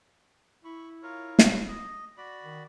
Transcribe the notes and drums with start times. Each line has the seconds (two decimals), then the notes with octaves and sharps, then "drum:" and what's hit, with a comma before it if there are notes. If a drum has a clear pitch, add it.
0.65 E4 B5 C#6
1.03 F4 A#4 C#5
1.39 drum: snare
1.67 D#5
2.17 F#4 D5 B5
2.43 D#3